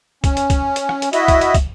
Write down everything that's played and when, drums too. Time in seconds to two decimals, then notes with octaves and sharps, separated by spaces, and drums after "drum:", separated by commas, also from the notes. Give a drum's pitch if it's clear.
0.24 C#4, drum: kick, hi-hat
0.37 drum: hi-hat
0.50 drum: kick, hi-hat
0.76 drum: hi-hat
0.89 drum: rim click
1.02 drum: hi-hat
1.13 E4 F#4 D#5 E5, drum: hi-hat
1.28 drum: kick, hi-hat
1.41 drum: hi-hat
1.55 drum: kick, hi-hat